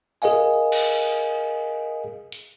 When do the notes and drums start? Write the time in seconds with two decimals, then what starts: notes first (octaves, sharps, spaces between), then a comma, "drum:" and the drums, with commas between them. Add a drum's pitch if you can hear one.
0.22 G#4 A#4 D#5 F5 G#5, drum: tambourine
0.72 drum: cymbal
2.32 drum: hi-hat